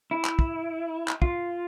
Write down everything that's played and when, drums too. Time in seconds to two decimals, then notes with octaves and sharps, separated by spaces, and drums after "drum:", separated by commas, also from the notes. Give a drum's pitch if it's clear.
0.11 E4
0.25 drum: clap
0.39 drum: kick
1.08 drum: clap
1.22 F4, drum: kick